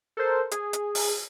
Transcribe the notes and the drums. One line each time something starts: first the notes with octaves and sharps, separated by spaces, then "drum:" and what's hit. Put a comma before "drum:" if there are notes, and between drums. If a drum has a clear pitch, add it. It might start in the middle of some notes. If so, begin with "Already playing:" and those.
A4 A#4 C5
G#4, drum: hi-hat
drum: hi-hat
drum: open hi-hat